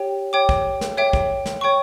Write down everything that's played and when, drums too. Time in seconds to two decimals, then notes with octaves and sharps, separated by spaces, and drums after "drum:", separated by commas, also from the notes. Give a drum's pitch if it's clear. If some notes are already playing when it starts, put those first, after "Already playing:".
Already playing: G4 C#5 G5
0.33 C#5 G5 D6
0.49 drum: kick
0.81 drum: snare
0.97 C#5 E5 G5 D6
1.13 drum: kick
1.46 drum: snare
1.61 C#5 G5 C#6